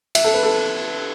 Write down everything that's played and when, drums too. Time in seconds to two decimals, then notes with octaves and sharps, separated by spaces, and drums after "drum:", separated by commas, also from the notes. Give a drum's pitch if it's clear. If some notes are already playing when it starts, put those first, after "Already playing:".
0.15 E5, drum: cymbal
0.24 A4
0.34 B4
0.43 A4